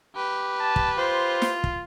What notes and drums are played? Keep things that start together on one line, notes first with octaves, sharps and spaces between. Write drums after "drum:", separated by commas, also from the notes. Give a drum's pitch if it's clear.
G4 B4
A5
drum: kick
F4 C5
drum: snare
drum: kick